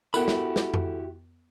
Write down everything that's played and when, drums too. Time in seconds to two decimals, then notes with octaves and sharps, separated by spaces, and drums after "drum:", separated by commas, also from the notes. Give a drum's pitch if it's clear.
0.14 B3 E4 F#4 G4 A4 A#4 B5, drum: tambourine
0.28 drum: snare
0.56 drum: snare
0.74 drum: tom F2